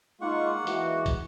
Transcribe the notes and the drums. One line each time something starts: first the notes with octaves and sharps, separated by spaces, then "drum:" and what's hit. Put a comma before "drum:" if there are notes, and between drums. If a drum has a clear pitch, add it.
G#3 A#3 D#4 F4 F#5 C#6
E3 G#3 F#4, drum: hi-hat
drum: kick, hi-hat